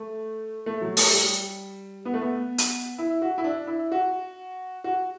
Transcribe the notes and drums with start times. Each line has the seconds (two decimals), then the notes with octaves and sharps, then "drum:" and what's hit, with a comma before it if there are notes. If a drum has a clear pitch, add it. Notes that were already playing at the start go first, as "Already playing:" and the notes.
Already playing: A3
0.66 A3
0.82 F#3
0.97 A3, drum: open hi-hat
1.13 G3
2.05 B3
2.14 A3
2.22 B3
2.58 drum: hi-hat
2.98 E4
3.22 F#4
3.38 E4
3.44 D4
3.67 E4
3.92 F#4
4.84 F#4